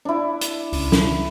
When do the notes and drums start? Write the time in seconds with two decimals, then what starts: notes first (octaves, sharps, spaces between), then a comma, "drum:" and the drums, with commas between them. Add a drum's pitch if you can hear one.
0.05 D4 E4
0.41 drum: hi-hat
0.73 C#2, drum: open hi-hat
0.92 drum: snare